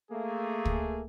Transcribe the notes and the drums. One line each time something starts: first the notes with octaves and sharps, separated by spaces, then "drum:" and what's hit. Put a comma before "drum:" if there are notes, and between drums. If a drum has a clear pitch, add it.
A3 A#3 G#4
drum: kick